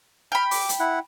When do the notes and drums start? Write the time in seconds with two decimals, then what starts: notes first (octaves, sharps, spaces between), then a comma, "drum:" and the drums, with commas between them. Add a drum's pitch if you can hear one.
0.32 G5 B5 F6
0.51 D6, drum: open hi-hat
0.69 drum: hi-hat
0.80 E4 F#5